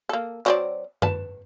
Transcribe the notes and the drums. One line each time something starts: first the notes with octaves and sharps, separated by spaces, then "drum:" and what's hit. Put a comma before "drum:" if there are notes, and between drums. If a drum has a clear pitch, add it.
A#3 A4
F#3 C4 D5, drum: clap
B4 A5, drum: tom F#2